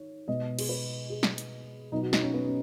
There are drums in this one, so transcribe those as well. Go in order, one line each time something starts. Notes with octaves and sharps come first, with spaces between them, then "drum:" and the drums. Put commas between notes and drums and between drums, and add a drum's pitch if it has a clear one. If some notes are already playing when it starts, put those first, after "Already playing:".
Already playing: D#3 C#5
B2 G#3 B3 D#5
G#4, drum: cymbal
B4
G#4
drum: snare
drum: hi-hat
B2 F#3 B3 D#4
F#4
D#4, drum: snare
C#4
B3
C#4